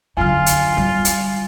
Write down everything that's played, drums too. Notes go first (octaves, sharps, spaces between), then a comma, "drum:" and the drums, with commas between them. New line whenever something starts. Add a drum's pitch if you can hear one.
F#2 D3 F4 G#5 F6
drum: hi-hat
G3
drum: hi-hat